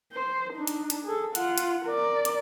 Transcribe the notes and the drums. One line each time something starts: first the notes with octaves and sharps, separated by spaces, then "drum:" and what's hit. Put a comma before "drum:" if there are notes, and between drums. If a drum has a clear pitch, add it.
C5
D4 D#4
drum: hi-hat
drum: hi-hat
G#4 A4
F4 F#5, drum: hi-hat
drum: hi-hat
A#4 D5
drum: hi-hat